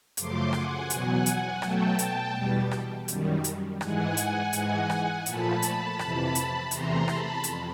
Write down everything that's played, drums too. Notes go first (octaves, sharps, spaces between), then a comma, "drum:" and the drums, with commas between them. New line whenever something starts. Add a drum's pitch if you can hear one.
F#2 C#3 F3 A3 C6 D6, drum: hi-hat
F#5 G#5, drum: rim click
E2 B2 F#3 F#5 G#5, drum: hi-hat
drum: hi-hat
B2 F#3 A3 G5 A5, drum: rim click
G5 A5, drum: hi-hat
E2 B2 G3
drum: rim click
F#2 D#3 G3, drum: hi-hat
drum: hi-hat
G#2 E3 G#3 F#5 G#5, drum: rim click
drum: hi-hat
G#2 E3 G#3, drum: hi-hat
drum: rim click
A#2 F3 A3 A5 B5, drum: hi-hat
drum: hi-hat
F2 C3 E3, drum: rim click
drum: hi-hat
E2 C3 E3 A3 A#5 C6, drum: hi-hat
A5 B5, drum: rim click
F2, drum: hi-hat